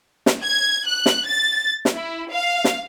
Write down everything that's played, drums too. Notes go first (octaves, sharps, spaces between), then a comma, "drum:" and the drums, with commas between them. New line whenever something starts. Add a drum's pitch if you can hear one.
drum: snare
G#6
F#6
drum: snare
A6
drum: snare
E4
F5
drum: snare